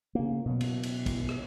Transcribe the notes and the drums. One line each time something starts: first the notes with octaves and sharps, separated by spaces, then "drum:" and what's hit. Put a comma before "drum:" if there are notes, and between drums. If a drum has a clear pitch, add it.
C#3 A#3
B2 F#3
drum: cymbal
drum: cymbal
drum: kick, cymbal
drum: rim click